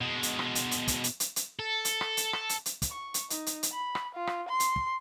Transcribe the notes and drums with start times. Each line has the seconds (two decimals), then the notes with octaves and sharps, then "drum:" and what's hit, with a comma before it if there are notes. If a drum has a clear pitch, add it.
0.01 B2 G#3
0.23 drum: hi-hat
0.39 drum: rim click
0.55 drum: hi-hat
0.71 drum: hi-hat
0.88 drum: kick, hi-hat
1.04 drum: hi-hat
1.20 drum: hi-hat
1.36 drum: hi-hat
1.59 A4
1.85 drum: hi-hat
2.01 drum: rim click
2.17 drum: hi-hat
2.33 drum: rim click
2.49 drum: hi-hat
2.66 drum: hi-hat
2.82 drum: kick, hi-hat
2.91 C#6
3.14 drum: hi-hat
3.30 D#4, drum: hi-hat
3.46 drum: hi-hat
3.63 drum: hi-hat
3.72 B5
3.95 drum: rim click
4.15 F4
4.27 drum: rim click
4.49 C6
4.60 drum: hi-hat
4.76 drum: kick